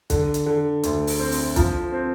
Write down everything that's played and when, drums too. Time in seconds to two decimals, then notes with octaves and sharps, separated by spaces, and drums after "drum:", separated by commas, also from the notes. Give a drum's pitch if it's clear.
0.10 D3, drum: kick, hi-hat
0.34 drum: hi-hat
0.46 D3
0.83 D2, drum: hi-hat
1.07 drum: open hi-hat
1.19 C4
1.32 drum: open hi-hat
1.56 F3, drum: kick, hi-hat
1.92 C4